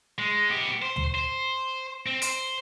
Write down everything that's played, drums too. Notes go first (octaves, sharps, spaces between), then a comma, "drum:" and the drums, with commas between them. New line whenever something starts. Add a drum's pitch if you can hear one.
G#3
B3 G4
C5
drum: tom
C5
C4
C5, drum: hi-hat